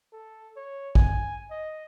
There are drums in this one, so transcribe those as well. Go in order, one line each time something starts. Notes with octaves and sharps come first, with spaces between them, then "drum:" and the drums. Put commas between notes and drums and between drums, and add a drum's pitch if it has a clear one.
A4
C#5
G#5, drum: kick A1
D#5